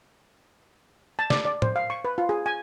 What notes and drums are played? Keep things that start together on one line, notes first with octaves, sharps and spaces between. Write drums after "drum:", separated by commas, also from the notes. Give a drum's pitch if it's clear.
A5
D5, drum: snare
D5
C5, drum: tom
F5
C#6
B4
F4
G#4
G#5